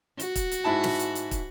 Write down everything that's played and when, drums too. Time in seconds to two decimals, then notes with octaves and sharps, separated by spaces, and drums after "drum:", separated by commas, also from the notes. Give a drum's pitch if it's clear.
0.20 F#4, drum: hi-hat
0.36 drum: kick, hi-hat
0.51 drum: hi-hat
0.64 G#2 E4 A5
0.83 drum: snare
0.99 drum: hi-hat
1.15 drum: hi-hat
1.31 drum: kick, hi-hat